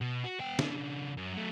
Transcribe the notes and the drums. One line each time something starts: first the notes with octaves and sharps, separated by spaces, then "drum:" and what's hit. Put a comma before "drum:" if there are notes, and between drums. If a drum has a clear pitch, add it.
B2
F#4
B3 G5
C#3 D4, drum: snare
F#2
F#3 A3